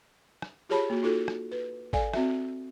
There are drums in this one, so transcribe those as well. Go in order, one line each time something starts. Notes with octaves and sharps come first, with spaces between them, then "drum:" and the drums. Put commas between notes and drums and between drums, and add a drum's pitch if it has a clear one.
drum: rim click
F4 G4 G#4 C#5 A5 B5
A#3 F#4
D#4 F4 F#4 A4
drum: rim click
B4
A4 D5 F5 G#5, drum: kick G#1
C4 F#4 E5, drum: rim click